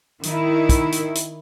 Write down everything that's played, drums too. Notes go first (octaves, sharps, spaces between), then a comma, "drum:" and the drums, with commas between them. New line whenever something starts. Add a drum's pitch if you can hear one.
D#3 E4, drum: hi-hat
drum: kick, hi-hat
drum: hi-hat
drum: hi-hat